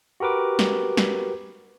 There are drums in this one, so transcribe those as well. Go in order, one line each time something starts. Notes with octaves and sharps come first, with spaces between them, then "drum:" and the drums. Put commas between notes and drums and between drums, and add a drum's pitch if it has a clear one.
F#4 G4 A#4 B4 D6
drum: snare
drum: snare